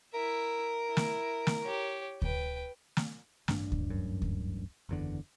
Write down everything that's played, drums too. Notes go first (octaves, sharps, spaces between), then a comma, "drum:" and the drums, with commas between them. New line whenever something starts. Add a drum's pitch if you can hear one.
E4 A#4 E5
E4
drum: snare
drum: snare
G4 C#5
B4 G5, drum: kick D2
drum: snare
A1 G2 D4, drum: snare
drum: kick D2
F#2
drum: kick D2
F#1 E2 D3